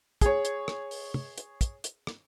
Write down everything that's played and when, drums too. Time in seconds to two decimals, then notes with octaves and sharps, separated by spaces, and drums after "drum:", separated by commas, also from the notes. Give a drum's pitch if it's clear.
0.21 G#4 C#5, drum: kick, hi-hat
0.45 drum: hi-hat
0.68 drum: rim click
0.91 drum: open hi-hat
1.14 drum: tom
1.38 drum: hi-hat
1.61 drum: kick, hi-hat
1.84 drum: hi-hat
2.07 drum: rim click